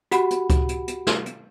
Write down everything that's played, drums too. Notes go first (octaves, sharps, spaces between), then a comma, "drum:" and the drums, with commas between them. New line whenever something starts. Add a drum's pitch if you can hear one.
F#4 G4 F#5 B5, drum: hi-hat
drum: hi-hat
drum: kick C#2, hi-hat
drum: hi-hat
drum: hi-hat
drum: snare
drum: hi-hat